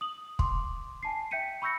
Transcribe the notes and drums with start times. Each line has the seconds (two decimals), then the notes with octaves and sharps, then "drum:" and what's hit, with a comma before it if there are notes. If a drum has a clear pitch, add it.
0.01 D#6 F#7
0.39 C6 D6, drum: kick
1.03 G#5 A5 C7
1.31 E5 G5 G6 B6 C#7 D#7
1.62 B5 C#6 E6 G6 A#6 C#7